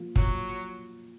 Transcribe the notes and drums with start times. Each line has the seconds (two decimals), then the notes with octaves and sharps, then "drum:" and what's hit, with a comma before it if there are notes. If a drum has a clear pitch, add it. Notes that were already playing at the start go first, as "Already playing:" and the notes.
Already playing: F3 A#3 F4
0.16 F#3, drum: kick